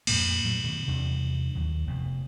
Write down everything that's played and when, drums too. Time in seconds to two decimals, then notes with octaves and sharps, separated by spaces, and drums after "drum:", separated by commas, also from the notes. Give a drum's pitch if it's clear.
0.07 F2 A#2 A#3, drum: cymbal
0.44 A#2 F#3 A3
0.64 G2 B2 D#3
0.88 E2 C3 G3 D4
1.55 D#2 D#3 F#3
1.87 F1 B2